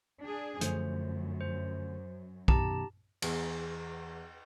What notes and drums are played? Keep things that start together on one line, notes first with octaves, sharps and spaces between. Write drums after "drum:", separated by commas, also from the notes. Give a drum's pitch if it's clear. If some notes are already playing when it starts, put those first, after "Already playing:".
D4 G#4
F#2 D3 F3 A3 C5, drum: hi-hat
C5
F#2 B2 D#3 G4 A5 A#5, drum: kick
E2 G#4, drum: cymbal